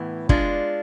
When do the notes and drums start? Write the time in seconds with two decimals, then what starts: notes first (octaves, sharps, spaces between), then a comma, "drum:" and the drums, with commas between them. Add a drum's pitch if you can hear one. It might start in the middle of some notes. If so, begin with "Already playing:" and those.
Already playing: A2 E3 B3
0.29 G#3 D4 F4, drum: kick